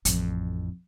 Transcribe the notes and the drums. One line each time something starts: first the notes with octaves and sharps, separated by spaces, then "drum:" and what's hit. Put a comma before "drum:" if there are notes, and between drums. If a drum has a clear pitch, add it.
A1 F2, drum: hi-hat